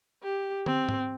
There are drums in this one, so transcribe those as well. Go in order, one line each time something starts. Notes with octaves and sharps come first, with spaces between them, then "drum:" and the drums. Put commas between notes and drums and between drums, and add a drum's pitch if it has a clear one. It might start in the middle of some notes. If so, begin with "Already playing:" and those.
G4
C4, drum: tom
drum: tom G#2